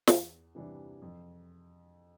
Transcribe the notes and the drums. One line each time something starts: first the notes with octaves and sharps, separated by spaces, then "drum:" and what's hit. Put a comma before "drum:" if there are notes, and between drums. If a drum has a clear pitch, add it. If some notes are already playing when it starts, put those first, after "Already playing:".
E2, drum: snare
C3 E3 G3 D4
F2